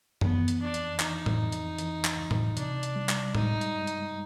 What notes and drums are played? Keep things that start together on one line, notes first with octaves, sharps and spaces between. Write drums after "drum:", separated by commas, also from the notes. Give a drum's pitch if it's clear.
E3 B3, drum: tom F#2
drum: hi-hat
F2 D4
drum: hi-hat
E3 D#4, drum: clap
drum: tom A2
F2
drum: hi-hat
E3, drum: hi-hat
drum: clap
C#2
drum: tom A2
C3 D4, drum: hi-hat
drum: hi-hat
G3
drum: clap
G#3 D#4, drum: tom A2
drum: hi-hat
G2
drum: hi-hat